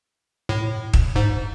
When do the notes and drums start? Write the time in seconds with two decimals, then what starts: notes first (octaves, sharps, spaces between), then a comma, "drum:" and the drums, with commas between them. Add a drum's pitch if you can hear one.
0.49 A2
0.93 drum: kick
1.16 G#2